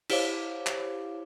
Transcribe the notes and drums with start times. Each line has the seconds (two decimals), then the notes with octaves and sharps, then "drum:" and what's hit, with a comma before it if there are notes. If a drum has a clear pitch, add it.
0.10 E4 G4 C5 C#5 F5 D6, drum: cymbal
0.67 drum: clap